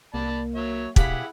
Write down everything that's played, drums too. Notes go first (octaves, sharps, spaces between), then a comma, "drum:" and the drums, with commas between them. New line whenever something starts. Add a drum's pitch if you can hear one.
C2 A#3 D5 A5 B5
F#3 C#5 E5
B2 E4 G4 G#4 F5 F#5 B5, drum: kick